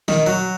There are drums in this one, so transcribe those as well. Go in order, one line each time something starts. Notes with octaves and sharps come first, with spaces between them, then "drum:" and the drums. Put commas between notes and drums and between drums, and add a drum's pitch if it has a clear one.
D#3, drum: snare
F#3